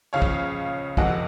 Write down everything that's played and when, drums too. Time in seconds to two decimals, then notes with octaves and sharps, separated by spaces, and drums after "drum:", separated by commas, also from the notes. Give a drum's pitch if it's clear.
0.13 C#2 C#3 F3 C#5 F5
0.22 drum: kick
0.97 F#1 F2 C3 D#5 F#5, drum: kick